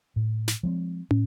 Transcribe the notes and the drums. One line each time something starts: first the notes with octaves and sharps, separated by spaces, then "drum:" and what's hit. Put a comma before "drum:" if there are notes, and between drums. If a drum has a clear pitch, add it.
A2
drum: snare
F3 G#3 C4
A2, drum: tom